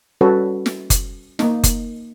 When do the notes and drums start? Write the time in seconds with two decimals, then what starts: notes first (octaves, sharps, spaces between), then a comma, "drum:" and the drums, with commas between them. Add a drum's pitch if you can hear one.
0.21 G3 C#4 F#4 A4 B4 C#5
0.66 drum: snare
0.90 drum: kick F#1, hi-hat
1.39 A#3 D#4, drum: snare
1.64 drum: kick F#1, hi-hat